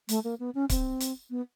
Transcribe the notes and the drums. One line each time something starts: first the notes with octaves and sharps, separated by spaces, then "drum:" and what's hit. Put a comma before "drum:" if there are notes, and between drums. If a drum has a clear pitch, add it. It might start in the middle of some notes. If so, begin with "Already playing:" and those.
A3, drum: hi-hat
A#3
B3
C#4
C4, drum: kick C#1, hi-hat
drum: hi-hat
B3